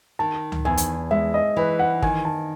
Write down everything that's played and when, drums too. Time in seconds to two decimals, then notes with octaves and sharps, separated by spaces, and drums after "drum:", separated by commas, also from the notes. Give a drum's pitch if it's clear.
0.19 D#3 A5
0.52 drum: tom C#2
0.65 E2 G#5
0.77 drum: hi-hat
1.11 G#3 E5
1.34 D#5
1.56 E3 B4
1.79 F#5
2.02 D#3 G#5, drum: kick
2.25 A5